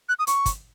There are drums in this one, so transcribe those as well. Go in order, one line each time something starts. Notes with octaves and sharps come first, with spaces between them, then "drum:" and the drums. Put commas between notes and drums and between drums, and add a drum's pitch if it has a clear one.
F#6
D#6
C#6, drum: hi-hat
drum: kick, hi-hat